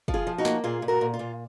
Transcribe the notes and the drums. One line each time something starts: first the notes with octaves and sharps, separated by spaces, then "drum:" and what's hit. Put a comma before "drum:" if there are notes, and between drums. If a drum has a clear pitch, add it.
F3, drum: kick
F4 G#4
F3
D#4 F#4
A#3, drum: snare
A#2 F4 G#4
A#2
F#4 A#4
A#2
F4
A#2